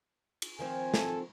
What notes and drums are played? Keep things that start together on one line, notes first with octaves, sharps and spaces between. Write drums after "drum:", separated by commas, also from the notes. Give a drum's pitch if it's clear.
drum: cymbal
D#3 F3 C4 G#5
A4, drum: snare